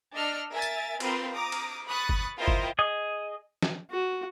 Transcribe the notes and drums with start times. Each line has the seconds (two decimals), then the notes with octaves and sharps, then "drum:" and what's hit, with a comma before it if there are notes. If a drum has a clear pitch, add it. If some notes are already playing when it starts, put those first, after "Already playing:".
0.14 D4 D#5 E6 F6 C#7
0.51 A#4 E5 G#5 A6
0.62 drum: tambourine
1.00 C4 F4 A#4 B4 C6, drum: cymbal
1.34 A#5 D6 D#6
1.52 drum: cymbal
1.87 B5 C#6 D#6 F#6 A6
2.09 drum: kick G1
2.38 E4 F4 A#4 C5 D#5 G5
2.48 drum: kick G1
2.79 G#4 D#5
3.62 drum: snare
3.90 F#4